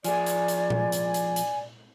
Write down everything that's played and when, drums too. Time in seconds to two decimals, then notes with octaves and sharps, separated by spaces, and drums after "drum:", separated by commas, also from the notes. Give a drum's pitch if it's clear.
0.04 F3 G#4 D5 G#5, drum: hi-hat
0.26 drum: hi-hat
0.48 drum: hi-hat
0.70 drum: tom A#2
0.92 drum: hi-hat
1.14 drum: hi-hat
1.36 drum: hi-hat